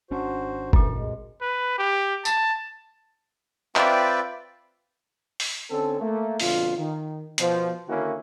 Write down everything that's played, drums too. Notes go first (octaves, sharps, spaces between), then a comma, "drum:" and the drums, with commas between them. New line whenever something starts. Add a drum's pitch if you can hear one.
G#1 C#4 D4 F#4 C5
F#2 A#2 E3 A3, drum: kick G1
C2 G#3
B4
G4
A5, drum: tambourine
C4 F4 B4 D5 E5 G5, drum: clap
drum: open hi-hat
D3 C4 C#4 A4
A3 A#3
F2 B2 D3 F4, drum: open hi-hat
D#3
B2 F3 C5, drum: hi-hat
D3 D#3 A#3 C#4 E4 F#4